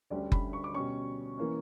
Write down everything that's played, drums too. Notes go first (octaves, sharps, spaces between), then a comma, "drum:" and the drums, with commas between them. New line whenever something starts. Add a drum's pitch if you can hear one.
D2 D3 G3 C#4 D5
B5, drum: kick F#1
C#6
D6
B2 G3 C#4 C#6
E3 A#3 C#4